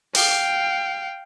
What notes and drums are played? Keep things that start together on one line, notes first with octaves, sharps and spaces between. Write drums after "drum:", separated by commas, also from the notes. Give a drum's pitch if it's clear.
F5 G5, drum: open hi-hat